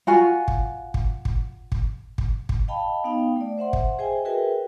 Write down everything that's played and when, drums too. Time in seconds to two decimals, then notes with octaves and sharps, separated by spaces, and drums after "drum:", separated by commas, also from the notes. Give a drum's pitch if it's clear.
0.07 F4 F#4 G#5
0.48 drum: kick
0.94 drum: kick
1.25 drum: kick
1.72 drum: kick
2.18 drum: kick
2.49 drum: kick
2.68 D#5 F5 G5 A5 B5
3.04 B3 D#4 F5 G5
3.36 A3 D5
3.58 C5 E5 F#5 C6
3.73 drum: kick
3.99 G#4 C5 D#5 E5 G5 G#5
4.25 F#4 G#4 A#4 B4 E5 G5